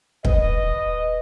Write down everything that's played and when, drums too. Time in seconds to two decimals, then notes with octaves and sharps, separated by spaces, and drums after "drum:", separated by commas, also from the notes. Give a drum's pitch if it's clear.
0.25 B4 D#5, drum: kick